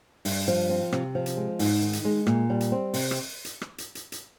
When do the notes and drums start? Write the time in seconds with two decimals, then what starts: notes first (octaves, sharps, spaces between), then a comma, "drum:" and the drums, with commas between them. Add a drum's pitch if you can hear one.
0.25 G2, drum: open hi-hat
0.48 F3
0.69 C4
0.92 C3, drum: rim click
1.15 F3
1.26 drum: hi-hat
1.37 G#3
1.59 G#2, drum: open hi-hat
1.82 D#3
1.93 drum: hi-hat
2.05 G#3
2.27 A#2, drum: rim click
2.50 G3
2.61 drum: hi-hat
2.72 C4
2.94 C3, drum: open hi-hat
3.11 drum: rim click
3.45 drum: hi-hat
3.61 drum: rim click
3.78 drum: hi-hat
3.95 drum: hi-hat
4.12 drum: hi-hat